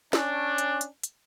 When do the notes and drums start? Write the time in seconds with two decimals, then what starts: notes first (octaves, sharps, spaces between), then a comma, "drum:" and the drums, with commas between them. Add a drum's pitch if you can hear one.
0.13 C#4 D4, drum: snare
0.58 drum: hi-hat
0.81 drum: hi-hat
1.03 drum: hi-hat